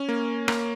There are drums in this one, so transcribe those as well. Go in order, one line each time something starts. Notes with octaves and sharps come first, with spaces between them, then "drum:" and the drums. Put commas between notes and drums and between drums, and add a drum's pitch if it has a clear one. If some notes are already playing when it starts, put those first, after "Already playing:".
Already playing: C#4
A#3
A#3, drum: rim click